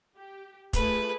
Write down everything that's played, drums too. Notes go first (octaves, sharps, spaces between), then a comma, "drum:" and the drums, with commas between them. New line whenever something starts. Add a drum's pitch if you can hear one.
G4
A3 F4 G#4 B4, drum: kick, hi-hat